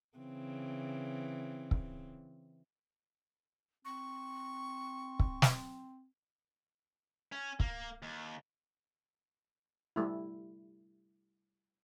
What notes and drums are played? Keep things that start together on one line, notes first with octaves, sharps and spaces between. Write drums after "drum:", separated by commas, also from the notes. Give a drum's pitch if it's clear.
C#3 E3 C4
drum: kick
C4 C#6
drum: kick
drum: snare
C#4
A#3, drum: kick
D#2
G3 A3 E4